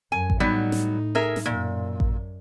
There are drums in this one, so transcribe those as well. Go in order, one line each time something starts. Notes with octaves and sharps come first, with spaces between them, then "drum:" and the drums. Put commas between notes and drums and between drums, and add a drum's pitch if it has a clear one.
F#2 G#5
drum: kick A1
A2 F#3 G3 B3 D#4
drum: snare
G#4 A#4 E5
drum: snare
F#2 A#2
drum: kick A1